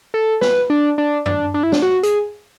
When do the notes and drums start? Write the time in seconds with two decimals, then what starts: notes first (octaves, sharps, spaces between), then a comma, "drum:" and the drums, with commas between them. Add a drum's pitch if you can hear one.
0.14 A4
0.41 B4, drum: snare
0.70 D4
0.98 D4
1.26 D4, drum: tom F#2
1.54 D4
1.63 E4
1.72 D4, drum: snare
1.82 F#4
2.03 G#4, drum: hi-hat